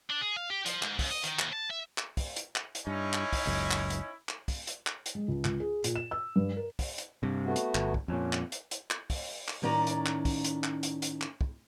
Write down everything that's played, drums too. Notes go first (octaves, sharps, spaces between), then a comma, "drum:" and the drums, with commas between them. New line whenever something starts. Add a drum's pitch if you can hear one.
D4
G#4
F5
G4
F3, drum: hi-hat
G#2, drum: clap
C#2, drum: kick, open hi-hat
D#5
D#3, drum: hi-hat
D#2, drum: clap
A5
E5
drum: clap
drum: kick, open hi-hat
drum: hi-hat
drum: clap
drum: hi-hat
G2 C#4 D#4 E4
drum: clap
drum: kick, open hi-hat
F#1 C#2 F#2
drum: clap
drum: hi-hat
drum: clap
drum: kick, open hi-hat
drum: hi-hat
drum: clap
drum: hi-hat
G#3
C#2
C#2, drum: clap
G#4
A#2, drum: hi-hat
E7
E6
G2
A#4
drum: kick, open hi-hat
drum: hi-hat
G2 C3
A3 B3 F#4
drum: hi-hat
G1, drum: clap
drum: kick
F2 A#2 C#4
drum: clap
drum: hi-hat
drum: hi-hat
drum: clap
drum: kick, open hi-hat
drum: clap
A2 D#3 C#4 D5 A#5
drum: hi-hat
drum: clap
drum: kick, open hi-hat
drum: hi-hat
drum: clap
drum: hi-hat
drum: hi-hat
drum: clap
drum: kick